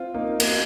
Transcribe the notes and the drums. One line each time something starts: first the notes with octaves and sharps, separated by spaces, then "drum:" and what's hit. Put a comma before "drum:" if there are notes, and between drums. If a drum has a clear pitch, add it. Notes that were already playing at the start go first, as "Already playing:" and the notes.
Already playing: C4 F4
A#3 D#4
A#3, drum: cymbal